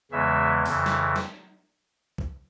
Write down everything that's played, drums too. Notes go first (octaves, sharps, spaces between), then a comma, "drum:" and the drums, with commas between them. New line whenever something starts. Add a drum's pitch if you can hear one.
E2 C#3 E3 G#3 E5
F2 C#3 E3, drum: open hi-hat
drum: snare
drum: snare
drum: kick B1